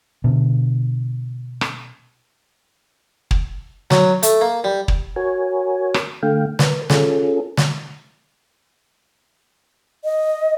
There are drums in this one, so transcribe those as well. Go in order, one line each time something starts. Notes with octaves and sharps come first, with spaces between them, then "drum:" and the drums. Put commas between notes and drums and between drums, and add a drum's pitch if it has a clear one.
B2 D3
drum: rim click
drum: kick
F#3, drum: snare
A3, drum: hi-hat
A#3
G3
drum: kick
F#4 A#4 C#5 G#5
drum: rim click
D3 A3 F5 G5
A#4 B4, drum: snare
C#4 F4 G#4 A4, drum: snare
drum: snare
D#5